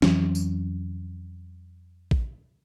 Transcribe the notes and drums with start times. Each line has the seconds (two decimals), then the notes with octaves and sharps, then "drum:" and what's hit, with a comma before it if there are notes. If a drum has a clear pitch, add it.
0.02 F2 E3 F#3 C#4, drum: snare
0.35 drum: tambourine
2.11 drum: kick A#1